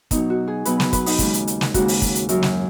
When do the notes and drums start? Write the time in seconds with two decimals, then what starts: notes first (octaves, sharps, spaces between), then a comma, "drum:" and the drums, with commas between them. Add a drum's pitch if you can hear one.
0.11 B2 F#3 D#4, drum: kick, hi-hat
0.30 F#4
0.48 G#4
0.65 B2 F#3 B4, drum: hi-hat
0.80 B4, drum: snare
0.93 B4, drum: kick, hi-hat
1.06 D#4, drum: open hi-hat
1.19 D#2 C#3 G#3, drum: kick, hi-hat
1.34 drum: hi-hat
1.47 drum: hi-hat
1.61 drum: snare
1.74 D#2 C#3 G#3 F#4, drum: kick, hi-hat
1.88 drum: open hi-hat
2.02 drum: kick, hi-hat
2.15 drum: hi-hat
2.29 F#2 F#3, drum: hi-hat
2.43 drum: snare